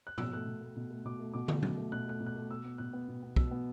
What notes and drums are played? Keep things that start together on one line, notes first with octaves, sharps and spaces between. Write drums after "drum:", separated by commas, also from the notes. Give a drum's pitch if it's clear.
F#6
B2 E6, drum: tom G#2
A3 F#6
B2
A3
B2
A3
B2 D6
A3
B2 D6
A3, drum: tom
B2, drum: tom F#3
A3
B2 F#6
A3 F#6
B2
F#6
A3
B2 E6
B3
B2 F#6
B3
B2
B3
B2 E6, drum: kick
B3